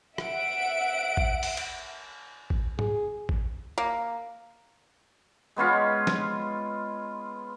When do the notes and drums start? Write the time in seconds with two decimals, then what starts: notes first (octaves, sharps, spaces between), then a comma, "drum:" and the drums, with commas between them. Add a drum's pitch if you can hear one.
0.18 E5 F#5 D7, drum: rim click
1.17 drum: kick A1
1.43 drum: open hi-hat
1.57 drum: cymbal
2.50 drum: kick A1
2.79 G#4, drum: tom G#2
3.29 drum: kick A1
3.78 A#3
5.56 G#3 B3 C#4 F4
6.07 drum: snare